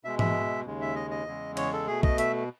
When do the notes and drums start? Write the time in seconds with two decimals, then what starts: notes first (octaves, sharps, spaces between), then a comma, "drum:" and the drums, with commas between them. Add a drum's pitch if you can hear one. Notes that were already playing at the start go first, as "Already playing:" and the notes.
0.04 B2 G#3 E5
0.19 E5, drum: tom
0.65 D#2 C#3 G#3
0.81 E5
0.95 D#5
1.11 D#5
1.26 E2 C#3 G#3
1.57 C#5, drum: cymbal
1.73 A4
1.87 B2 A3 G#4
2.03 D#5, drum: kick
2.18 E5, drum: hi-hat